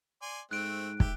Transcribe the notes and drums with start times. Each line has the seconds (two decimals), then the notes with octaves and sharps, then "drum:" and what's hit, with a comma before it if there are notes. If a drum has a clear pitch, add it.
0.22 D5 G#5 C6
0.51 G#2 A3 C4 F#6 D7
1.00 G4 E5, drum: kick